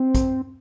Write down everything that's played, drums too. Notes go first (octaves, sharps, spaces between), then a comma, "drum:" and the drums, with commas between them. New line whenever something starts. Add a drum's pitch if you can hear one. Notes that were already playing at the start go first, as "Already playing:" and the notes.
Already playing: C4
drum: kick, hi-hat